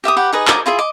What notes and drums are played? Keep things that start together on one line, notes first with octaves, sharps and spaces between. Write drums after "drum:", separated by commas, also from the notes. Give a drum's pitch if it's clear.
G4 E5 D6 D#6
G4 B4 F#5
D#4 G#4 B4 D#5
A#4 D#5 D6, drum: clap
E4 F4 G#4 E5
D#5 D6